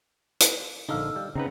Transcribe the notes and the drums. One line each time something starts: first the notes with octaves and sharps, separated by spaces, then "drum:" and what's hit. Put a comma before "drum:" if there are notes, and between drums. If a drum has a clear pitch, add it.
drum: hi-hat
A#1 D3 D#4 A4 F5 E6
G3
C#3 C4 D#4 B4 F#5 A#5